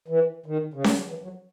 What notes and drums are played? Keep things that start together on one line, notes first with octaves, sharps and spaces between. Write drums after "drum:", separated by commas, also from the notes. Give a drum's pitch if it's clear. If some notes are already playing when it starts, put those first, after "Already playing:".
E3
D#3
C#3
D#3, drum: snare C#4
F#3
E3
F#3